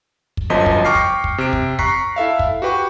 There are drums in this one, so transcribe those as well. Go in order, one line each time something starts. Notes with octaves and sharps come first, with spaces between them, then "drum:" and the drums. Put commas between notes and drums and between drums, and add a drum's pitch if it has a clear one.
drum: kick
G1 F#2 F3 D#5 A5 B6
drum: kick
G5 C#6 D6 F6 A#6 C7
drum: kick
drum: kick
C3 D7
drum: kick
A#5 C#6 F#6 B6 C7, drum: kick
E4 A4 E5 F5
drum: kick
F#4 G4 B4 G5 C#6